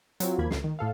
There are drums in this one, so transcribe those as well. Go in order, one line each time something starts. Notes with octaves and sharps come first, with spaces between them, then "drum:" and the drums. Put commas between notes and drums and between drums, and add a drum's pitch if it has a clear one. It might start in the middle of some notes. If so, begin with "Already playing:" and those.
F#3 C4 F4, drum: hi-hat
D#2 F3 A#3 B5 G#6
C#2 A3 C7, drum: snare
D#3
A2 A4 F5